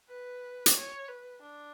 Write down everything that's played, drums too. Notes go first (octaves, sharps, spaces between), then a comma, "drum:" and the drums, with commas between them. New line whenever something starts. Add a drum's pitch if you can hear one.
B4
drum: hi-hat
C#5
B4
D4